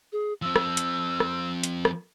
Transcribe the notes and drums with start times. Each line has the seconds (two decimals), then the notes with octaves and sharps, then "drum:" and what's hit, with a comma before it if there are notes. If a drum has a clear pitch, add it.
0.12 G#4
0.42 F3 C4 E6
0.56 drum: rim click
0.77 drum: hi-hat
1.20 drum: rim click
1.63 drum: hi-hat
1.85 drum: rim click